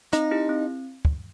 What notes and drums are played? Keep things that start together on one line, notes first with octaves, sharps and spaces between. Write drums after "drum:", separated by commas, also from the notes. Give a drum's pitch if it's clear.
C4 D#4, drum: hi-hat
E4 G4
C4
drum: kick